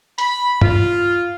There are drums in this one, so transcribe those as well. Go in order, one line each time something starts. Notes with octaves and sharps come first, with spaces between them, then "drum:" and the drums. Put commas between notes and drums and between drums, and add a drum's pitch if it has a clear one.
B5, drum: hi-hat
F4, drum: tom G2